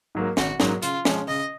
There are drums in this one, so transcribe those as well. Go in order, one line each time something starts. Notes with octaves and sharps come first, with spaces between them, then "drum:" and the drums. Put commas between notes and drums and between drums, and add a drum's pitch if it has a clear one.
G#2 F#3 A#3
G#1 F#4, drum: snare
G#2 F#3 A#3, drum: snare
C#3 F4, drum: hi-hat
F3 G#3 C#4, drum: snare
C#3 D#5